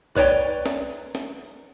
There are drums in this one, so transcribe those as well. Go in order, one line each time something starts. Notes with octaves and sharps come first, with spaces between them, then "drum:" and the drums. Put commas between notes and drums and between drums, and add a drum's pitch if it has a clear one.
B4 C#5 D5 G5, drum: kick B1
drum: snare
drum: snare